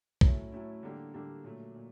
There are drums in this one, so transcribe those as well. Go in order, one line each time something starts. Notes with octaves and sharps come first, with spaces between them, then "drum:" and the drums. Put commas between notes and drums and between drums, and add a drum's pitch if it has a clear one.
A2 F#3 A3 C#4 E4, drum: kick
A2 F#3 A3 C#4 E4
D3 G3 A#3 D4 G4
D3 G3 A#3 D4 G4
A#2 F#3 A3
A#2